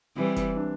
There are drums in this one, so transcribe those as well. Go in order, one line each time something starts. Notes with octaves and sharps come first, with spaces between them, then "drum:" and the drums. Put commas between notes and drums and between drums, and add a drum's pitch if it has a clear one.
E3 G3 C4
drum: kick, hi-hat
D4